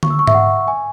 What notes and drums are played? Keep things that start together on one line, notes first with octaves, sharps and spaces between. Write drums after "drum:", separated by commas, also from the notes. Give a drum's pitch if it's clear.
C#6, drum: tom D3
E6
C#6
E5, drum: tom G#2
F#5
G#5